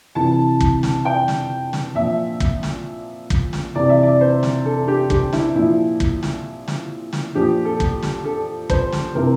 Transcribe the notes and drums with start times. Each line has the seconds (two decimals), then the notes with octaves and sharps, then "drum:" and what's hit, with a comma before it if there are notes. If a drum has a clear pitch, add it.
0.15 C3 E3 A5
0.60 drum: kick
0.83 drum: snare
1.05 G5
1.28 drum: snare
1.73 drum: snare
1.95 A#2 F3 E5
2.40 drum: kick
2.63 drum: snare
3.30 drum: kick
3.53 drum: snare
3.75 C3 E3 D5
3.89 E5
4.03 D5
4.21 C5
4.43 drum: snare
4.65 A4
4.88 G4
5.10 G4, drum: kick
5.33 E4, drum: snare
5.55 A#2 F3 E4
6.00 drum: kick
6.23 drum: snare
6.68 drum: snare
7.13 drum: snare
7.35 A#2 F3 G4
7.65 A4
7.80 drum: kick
8.02 drum: snare
8.25 A4
8.70 C5, drum: kick
8.92 drum: snare
9.15 C3 E3 A#4